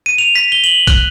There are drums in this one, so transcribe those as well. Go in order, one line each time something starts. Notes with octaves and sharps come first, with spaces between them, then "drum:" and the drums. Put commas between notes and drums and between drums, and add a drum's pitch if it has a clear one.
D#7
F7
B6
G7
F#7
F#6, drum: kick, hi-hat